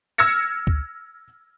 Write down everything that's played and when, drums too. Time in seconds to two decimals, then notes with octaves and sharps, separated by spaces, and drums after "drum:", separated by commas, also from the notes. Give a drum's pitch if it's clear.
0.18 E6 F6 G#6 A#6 C#7
0.67 drum: kick D2